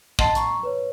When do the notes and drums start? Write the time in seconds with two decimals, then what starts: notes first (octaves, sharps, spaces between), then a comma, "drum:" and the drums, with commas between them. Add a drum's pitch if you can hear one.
0.19 D#5 F#5 A5 C6 A6 C7, drum: kick
0.35 A#5 C#6, drum: hi-hat
0.63 B4 C#5